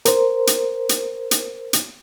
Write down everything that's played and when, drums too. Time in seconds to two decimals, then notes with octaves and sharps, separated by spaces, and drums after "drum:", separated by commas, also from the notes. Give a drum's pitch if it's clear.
0.05 A#4 C5, drum: hi-hat
0.47 drum: hi-hat
0.89 drum: hi-hat
1.31 drum: hi-hat
1.73 drum: hi-hat